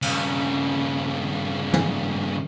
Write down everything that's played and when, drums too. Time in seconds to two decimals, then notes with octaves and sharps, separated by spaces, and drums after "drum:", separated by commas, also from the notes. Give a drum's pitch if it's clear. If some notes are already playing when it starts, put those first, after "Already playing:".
0.02 G2 C#3, drum: cymbal
1.74 drum: tom